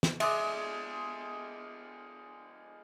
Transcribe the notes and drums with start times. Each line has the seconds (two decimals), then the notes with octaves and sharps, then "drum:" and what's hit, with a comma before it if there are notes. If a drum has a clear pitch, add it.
0.03 drum: snare
0.20 G#3 G#4 D5 E5, drum: cymbal